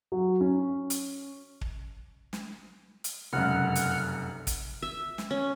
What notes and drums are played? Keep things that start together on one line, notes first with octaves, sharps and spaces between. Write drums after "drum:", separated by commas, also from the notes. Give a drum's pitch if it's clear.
F#3
C#4
drum: hi-hat
drum: kick
drum: snare
drum: hi-hat
F1 C#2 F#2 F#5 F6
drum: hi-hat
drum: kick, hi-hat
E5
drum: snare
C#4